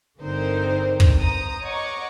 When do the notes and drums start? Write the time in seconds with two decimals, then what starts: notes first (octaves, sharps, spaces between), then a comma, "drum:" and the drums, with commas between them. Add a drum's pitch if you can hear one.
0.19 G1 D3 C4 D#4 A#4 C5
1.00 drum: kick
1.19 C5 A#5 D#6
1.65 C#5 D#5 F#5 A#5 C#6 D6